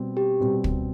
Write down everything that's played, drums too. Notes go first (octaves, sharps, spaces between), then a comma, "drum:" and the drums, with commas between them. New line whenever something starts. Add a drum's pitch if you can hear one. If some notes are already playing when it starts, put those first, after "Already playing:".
Already playing: B2 G3 C4
G4
B2 G3 C4
drum: kick